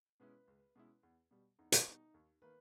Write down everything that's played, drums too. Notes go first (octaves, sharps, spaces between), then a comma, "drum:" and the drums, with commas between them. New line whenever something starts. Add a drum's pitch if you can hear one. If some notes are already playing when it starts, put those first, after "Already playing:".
B2 G#3 C#4 E4 B4
C#2
B2 G#3 C#4 E4
E2
B2 G3
E2 D#4
drum: hi-hat
B2 G3 D#4
D#2
D#3 A#3 B4